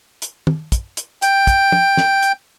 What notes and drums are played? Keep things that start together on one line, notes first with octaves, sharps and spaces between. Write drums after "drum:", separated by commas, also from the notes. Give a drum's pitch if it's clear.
drum: hi-hat
drum: tom
drum: kick, hi-hat
drum: hi-hat
G5, drum: hi-hat
drum: kick, hi-hat
drum: tom
drum: snare
drum: hi-hat